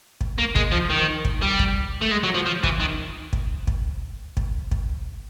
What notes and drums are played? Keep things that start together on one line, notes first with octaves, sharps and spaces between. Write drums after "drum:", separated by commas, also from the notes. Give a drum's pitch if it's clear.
drum: kick
A#3
G#3, drum: kick
F3
D#3
drum: kick
G3
drum: kick
A3
G#3
F#3
F3
F3
E3, drum: kick
D#3
drum: kick
drum: kick
drum: kick
drum: kick